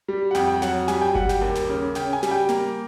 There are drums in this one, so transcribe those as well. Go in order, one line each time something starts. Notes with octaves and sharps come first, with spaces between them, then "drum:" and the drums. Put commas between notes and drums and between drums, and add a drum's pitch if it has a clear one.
G3
F#5
F2 G5, drum: snare
G5
F#3 F#5, drum: snare
G3 G#5, drum: snare
G5
G3 F#5, drum: kick G1
G5, drum: snare
D#2
drum: snare
C#3
C#3 G5, drum: snare
G#5
G3, drum: snare
G5
A#3, drum: snare